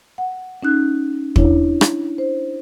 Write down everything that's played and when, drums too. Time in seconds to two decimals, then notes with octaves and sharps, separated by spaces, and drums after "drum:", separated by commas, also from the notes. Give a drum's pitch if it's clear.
0.18 F#5
0.63 C#4 D#4 F#6
1.36 D4 E4 C#5, drum: kick
1.81 drum: rim click
2.18 C5